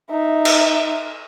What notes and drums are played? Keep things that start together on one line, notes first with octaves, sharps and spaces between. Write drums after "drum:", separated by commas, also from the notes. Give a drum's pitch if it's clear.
D#4 E5
drum: cymbal